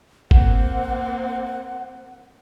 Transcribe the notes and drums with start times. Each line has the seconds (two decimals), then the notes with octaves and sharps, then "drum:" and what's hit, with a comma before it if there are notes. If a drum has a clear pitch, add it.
0.31 A#3 C4 F#5, drum: kick G1